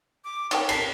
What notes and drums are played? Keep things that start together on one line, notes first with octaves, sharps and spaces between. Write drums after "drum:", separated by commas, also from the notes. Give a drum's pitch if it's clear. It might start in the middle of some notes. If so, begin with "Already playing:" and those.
D6
D#3 C#4 G5 A5, drum: cymbal
A#4 B6 C7, drum: cymbal